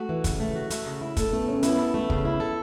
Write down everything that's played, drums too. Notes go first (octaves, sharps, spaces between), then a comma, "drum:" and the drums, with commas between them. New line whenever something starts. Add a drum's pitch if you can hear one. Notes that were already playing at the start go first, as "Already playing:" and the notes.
Already playing: A3 F#4
E3
C#3, drum: kick, hi-hat
A3
F#4
A3, drum: hi-hat
C#3
E4
A3 A4, drum: kick, hi-hat
A3 B3
C#3 C#4
B3 E4, drum: hi-hat
A4
A3
C#3, drum: kick
E4
A4